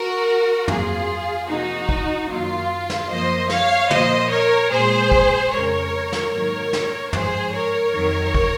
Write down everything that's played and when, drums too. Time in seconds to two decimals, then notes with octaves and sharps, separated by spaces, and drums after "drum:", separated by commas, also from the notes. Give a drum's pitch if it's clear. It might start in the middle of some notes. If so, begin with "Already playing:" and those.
Already playing: F#4 A#4
0.68 F2 C3 F#3 A#3 F4 G#4, drum: tom
1.48 C3 F3 A#3 D#4 F#4
1.89 drum: kick
2.29 F#2 D#3 F#3 A#3 F4
2.90 drum: snare
3.09 F#2 F3 A#3 C5 D#5
3.50 C#5 F5, drum: snare
3.91 A#2 F3 A#3 C5 D#5, drum: tom
4.30 A#4 C#5
4.71 A#2 G#3 G#4 C5
5.12 drum: kick
5.52 F2 C#3 G#3 A#4 C#5
6.13 drum: snare
6.32 G#2 D#3 F#3 A#3 A#4 C#5
6.73 drum: snare
7.13 G#2 F3 G#3 G#4 C5, drum: tom
7.53 A#4 C#5
7.94 F2 D#3 F#3
8.34 drum: kick